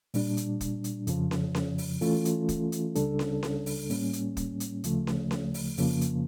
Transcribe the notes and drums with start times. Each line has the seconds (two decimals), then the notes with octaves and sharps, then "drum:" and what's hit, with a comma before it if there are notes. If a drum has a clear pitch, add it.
0.14 A#2 G3 D4, drum: open hi-hat
0.37 drum: hi-hat
0.61 drum: kick, hi-hat
0.84 drum: hi-hat
1.07 F2 C#3 F3, drum: hi-hat
1.31 drum: snare C#4
1.55 drum: snare C#4
1.78 drum: open hi-hat
2.01 E3 A3 C#4 F4 A4, drum: open hi-hat
2.25 drum: hi-hat
2.49 drum: kick, hi-hat
2.72 drum: hi-hat
2.95 C#2 C#3 G3 D4 A4, drum: hi-hat
3.19 drum: snare C#4
3.43 drum: snare C#4
3.66 drum: open hi-hat
3.90 A2 G3 A#3 C#4, drum: open hi-hat
4.13 drum: hi-hat
4.37 drum: kick, hi-hat
4.60 drum: hi-hat
4.84 D2 C#3 F3 A3, drum: hi-hat
5.07 drum: snare C#4
5.31 drum: snare C#4
5.54 drum: open hi-hat
5.77 F2 C#3 F3 A#3, drum: open hi-hat
6.01 drum: hi-hat